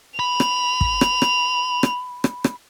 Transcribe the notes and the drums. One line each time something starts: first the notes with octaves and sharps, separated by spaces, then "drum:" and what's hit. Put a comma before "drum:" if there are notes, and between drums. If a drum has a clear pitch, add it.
B5 F7
drum: rim click
drum: kick
drum: rim click
drum: rim click
drum: rim click
drum: rim click
drum: rim click